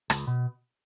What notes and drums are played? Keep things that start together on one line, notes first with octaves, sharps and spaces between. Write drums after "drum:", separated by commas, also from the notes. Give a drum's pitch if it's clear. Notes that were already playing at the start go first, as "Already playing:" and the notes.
C#2, drum: rim click
B2